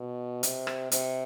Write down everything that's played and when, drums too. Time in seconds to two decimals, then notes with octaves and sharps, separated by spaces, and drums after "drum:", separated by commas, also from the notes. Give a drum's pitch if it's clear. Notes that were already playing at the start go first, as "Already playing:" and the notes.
Already playing: B2
0.43 C3, drum: hi-hat
0.67 drum: rim click
0.92 C3, drum: hi-hat